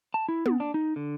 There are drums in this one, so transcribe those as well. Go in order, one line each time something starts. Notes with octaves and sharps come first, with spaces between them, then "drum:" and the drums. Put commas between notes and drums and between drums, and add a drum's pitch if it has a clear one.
A5
E4
B3, drum: tom
D4
D#4
D3